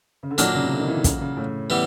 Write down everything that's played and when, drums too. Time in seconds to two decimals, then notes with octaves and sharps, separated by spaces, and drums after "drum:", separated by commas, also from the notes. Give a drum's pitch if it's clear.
0.23 C#3
0.31 D3
0.38 A#2 D#3 F#3 A#3 D4, drum: hi-hat
0.55 C#3
0.63 C3
0.71 D3
0.79 D#3
0.87 E3
0.97 D3
1.04 C#3, drum: kick, hi-hat
1.21 C#3
1.37 A2
1.70 E3 G3 B3